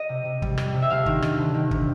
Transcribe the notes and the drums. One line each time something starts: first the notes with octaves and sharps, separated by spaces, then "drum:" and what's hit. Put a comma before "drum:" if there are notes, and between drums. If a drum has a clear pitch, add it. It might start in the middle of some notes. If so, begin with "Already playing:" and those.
Already playing: D#5
C3
C3
G3, drum: kick
G3, drum: rim click
C3
E5
D2 F5
D#3, drum: kick
D#3, drum: rim click
D2
D#3
C3, drum: kick